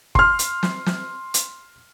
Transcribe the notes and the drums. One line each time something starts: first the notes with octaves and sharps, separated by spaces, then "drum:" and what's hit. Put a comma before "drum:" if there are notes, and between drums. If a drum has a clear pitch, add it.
C6 F6, drum: kick G1
drum: hi-hat
drum: snare
drum: snare
drum: hi-hat